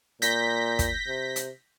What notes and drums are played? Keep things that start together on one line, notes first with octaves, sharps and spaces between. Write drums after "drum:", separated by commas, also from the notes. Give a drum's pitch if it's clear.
A#2 G6 A#6 B6, drum: hi-hat
drum: kick, hi-hat
C3
drum: hi-hat